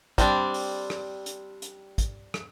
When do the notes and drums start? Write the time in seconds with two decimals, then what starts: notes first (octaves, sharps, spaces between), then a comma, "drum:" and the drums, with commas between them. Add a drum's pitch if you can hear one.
0.18 G3 C4 D4, drum: kick, hi-hat
0.54 drum: open hi-hat
0.90 drum: rim click
1.26 drum: hi-hat
1.62 drum: hi-hat
1.98 drum: kick, hi-hat
2.34 drum: rim click